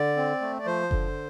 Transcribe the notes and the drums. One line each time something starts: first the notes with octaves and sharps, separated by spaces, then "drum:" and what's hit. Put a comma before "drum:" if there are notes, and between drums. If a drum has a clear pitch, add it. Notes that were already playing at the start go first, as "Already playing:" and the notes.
Already playing: D3 D5
C4
A3
D5
F3 C5
D3, drum: kick F#1